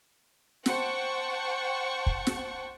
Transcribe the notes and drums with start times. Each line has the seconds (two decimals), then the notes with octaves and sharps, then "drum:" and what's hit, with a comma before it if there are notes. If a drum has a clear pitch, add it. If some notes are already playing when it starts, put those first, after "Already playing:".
0.66 C5 F#5 G5 A5 C#6, drum: snare
2.06 drum: kick
2.27 drum: snare